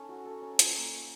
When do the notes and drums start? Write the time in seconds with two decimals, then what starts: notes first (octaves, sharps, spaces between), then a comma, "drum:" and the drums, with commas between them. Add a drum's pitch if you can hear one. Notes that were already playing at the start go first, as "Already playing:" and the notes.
Already playing: C#4 D#4 A4
0.09 F#4
0.25 A4
0.42 C#4
0.59 F4, drum: hi-hat
0.76 A#3
0.92 A#3